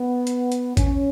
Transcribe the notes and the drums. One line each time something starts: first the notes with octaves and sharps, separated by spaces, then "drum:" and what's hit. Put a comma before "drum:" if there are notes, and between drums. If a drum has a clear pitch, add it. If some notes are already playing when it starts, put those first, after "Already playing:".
Already playing: B3
drum: hi-hat
drum: hi-hat
C#4, drum: kick, hi-hat